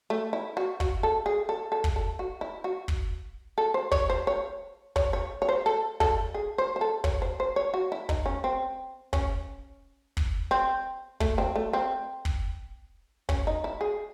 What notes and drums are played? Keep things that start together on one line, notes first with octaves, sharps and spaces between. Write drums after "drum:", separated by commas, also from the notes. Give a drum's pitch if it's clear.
A3
E4
F#4
F#4, drum: kick
A4
G#4
A4
A4
drum: kick
A4
F#4
E4
F#4
drum: kick
A4
C5
C#5, drum: kick
C5
C#5
C#5, drum: kick
C#5
C#5
C5
A4
A4, drum: kick
G#4
C5
C5
A4
C#5, drum: kick
C5
C5
C#5
F#4
E4
D#4, drum: kick
C#4
C4
C#4, drum: kick
drum: kick
C4
A3, drum: kick
C4
A3
C4
drum: kick
C#4, drum: kick
D#4
E4
G#4